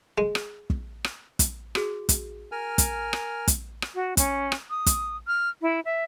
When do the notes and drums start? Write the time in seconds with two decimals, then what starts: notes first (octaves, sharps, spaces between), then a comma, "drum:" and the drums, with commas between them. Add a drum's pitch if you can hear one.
0.18 G#3
0.35 drum: rim click
0.70 drum: kick
1.04 drum: rim click
1.39 drum: kick, hi-hat
1.75 F#4 G#4, drum: rim click
2.09 drum: kick, hi-hat
2.52 A#4 G#5 F6
2.78 drum: kick, hi-hat
3.13 drum: rim click
3.48 drum: kick, hi-hat
3.82 drum: rim click
3.95 F#4
4.17 C#4, drum: kick, hi-hat
4.52 drum: rim click
4.70 D#6
4.86 drum: kick, hi-hat
5.27 F6
5.62 E4
5.85 E5